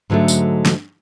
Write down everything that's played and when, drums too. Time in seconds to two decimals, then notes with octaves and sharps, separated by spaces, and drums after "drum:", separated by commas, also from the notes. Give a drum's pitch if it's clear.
0.10 G#2 D3 F#3 G3 A3
0.28 drum: tambourine
0.66 drum: snare